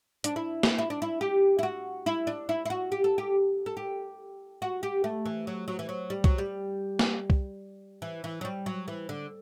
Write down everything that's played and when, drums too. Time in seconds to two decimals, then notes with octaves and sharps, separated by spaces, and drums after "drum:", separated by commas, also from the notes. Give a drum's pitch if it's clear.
0.24 D4, drum: hi-hat
0.36 E4
0.63 drum: snare
0.79 E4
0.90 D4
1.02 E4
1.21 G4
1.59 E4
1.63 F#4
2.06 E4
2.27 D4
2.49 E4
2.66 E4
2.70 F#4
2.92 G4
3.04 A4
3.18 G4
3.66 A4
3.77 G4
4.62 F#4
4.83 G4
5.04 A3
5.26 E3
5.47 F#3
5.68 F#3
5.79 E3
5.89 F#3
6.10 G3
6.24 F#3, drum: kick C2
6.38 G3
6.99 drum: snare
7.30 drum: kick C2
8.02 E3
8.24 E3
8.41 F#3
8.45 G3
8.66 F#3
8.88 E3
9.09 D3